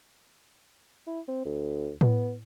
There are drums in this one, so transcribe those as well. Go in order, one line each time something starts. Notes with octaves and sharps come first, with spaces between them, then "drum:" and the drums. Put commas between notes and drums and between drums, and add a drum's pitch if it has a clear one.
E4
C4
D2
B3, drum: tom A2